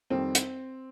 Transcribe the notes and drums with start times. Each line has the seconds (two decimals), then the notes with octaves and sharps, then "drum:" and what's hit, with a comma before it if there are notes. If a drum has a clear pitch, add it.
0.10 F2 D#3 G3 C4
0.35 drum: hi-hat